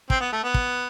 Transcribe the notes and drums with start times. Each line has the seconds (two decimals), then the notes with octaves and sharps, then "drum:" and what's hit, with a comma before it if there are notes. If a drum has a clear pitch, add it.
0.10 C4, drum: kick
0.21 B3
0.32 A3
0.43 B3
0.54 drum: kick